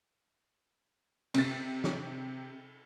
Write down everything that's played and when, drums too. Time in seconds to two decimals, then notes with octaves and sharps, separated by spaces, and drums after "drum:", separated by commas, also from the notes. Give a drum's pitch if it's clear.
1.34 C3 A6, drum: cymbal
1.84 drum: snare